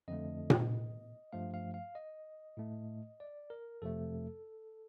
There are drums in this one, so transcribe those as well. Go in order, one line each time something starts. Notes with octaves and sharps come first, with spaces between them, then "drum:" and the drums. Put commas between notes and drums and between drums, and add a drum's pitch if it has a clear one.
F2 D3 A3 D#5
drum: tom A#2
G2 F3 A3 F5
F5
F5
D#5
A2 A3
D5
A#4
F2 C3 F3 A3 A4